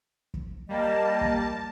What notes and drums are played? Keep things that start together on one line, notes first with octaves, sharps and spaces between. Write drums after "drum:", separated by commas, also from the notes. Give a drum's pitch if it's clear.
drum: kick
G3 A#3 D#5 A5
drum: kick